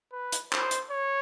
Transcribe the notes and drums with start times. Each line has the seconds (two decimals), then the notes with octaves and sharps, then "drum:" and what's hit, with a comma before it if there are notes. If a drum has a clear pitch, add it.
0.13 B4
0.32 drum: hi-hat
0.52 C5, drum: clap
0.71 drum: hi-hat
0.91 C#5